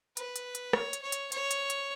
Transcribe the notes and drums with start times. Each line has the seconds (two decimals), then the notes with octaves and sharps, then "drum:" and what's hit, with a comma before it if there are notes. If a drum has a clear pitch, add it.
0.17 B4, drum: hi-hat
0.36 drum: hi-hat
0.55 drum: hi-hat
0.73 C#5, drum: rim click
0.93 drum: hi-hat
1.02 C#5
1.12 drum: hi-hat
1.32 C#5, drum: hi-hat
1.51 drum: hi-hat
1.70 drum: hi-hat